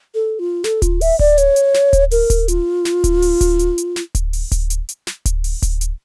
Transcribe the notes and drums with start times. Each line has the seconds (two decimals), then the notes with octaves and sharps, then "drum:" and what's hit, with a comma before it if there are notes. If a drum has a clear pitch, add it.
0.15 A4
0.39 F4
0.64 A4, drum: snare
0.82 F4, drum: kick D1, hi-hat
1.01 E5, drum: open hi-hat
1.19 D5, drum: kick D1
1.38 C#5, drum: hi-hat
1.56 drum: hi-hat
1.74 drum: snare
1.93 drum: kick D1, hi-hat
2.11 A#4, drum: open hi-hat
2.30 drum: kick D1, hi-hat
2.48 F4, drum: hi-hat
2.85 drum: snare
3.04 drum: kick D1, hi-hat
3.22 drum: open hi-hat
3.41 drum: kick D1, hi-hat
3.59 drum: hi-hat
3.78 drum: hi-hat
3.96 drum: snare
4.15 drum: kick D1, hi-hat
4.33 drum: open hi-hat
4.52 drum: kick D1, hi-hat
4.70 drum: hi-hat
4.89 drum: hi-hat
5.07 drum: snare
5.26 drum: kick D1, hi-hat
5.44 drum: open hi-hat
5.63 drum: kick D1, hi-hat
5.81 drum: hi-hat